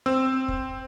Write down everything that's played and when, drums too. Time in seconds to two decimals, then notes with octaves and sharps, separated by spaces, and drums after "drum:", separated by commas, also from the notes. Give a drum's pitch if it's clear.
0.06 C4 E6
0.48 drum: kick